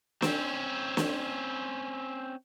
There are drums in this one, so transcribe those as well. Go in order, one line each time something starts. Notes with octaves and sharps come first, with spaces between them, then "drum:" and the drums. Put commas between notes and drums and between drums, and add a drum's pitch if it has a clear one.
C4 C#4, drum: snare
drum: snare